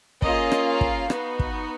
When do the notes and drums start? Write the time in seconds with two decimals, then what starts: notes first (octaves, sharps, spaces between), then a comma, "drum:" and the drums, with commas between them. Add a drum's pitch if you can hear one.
0.22 A#3 C#4 F4 G#4 D#5, drum: kick
0.52 drum: rim click
0.66 F5
0.81 drum: kick
1.10 B3 D#4 F#4, drum: rim click
1.39 drum: kick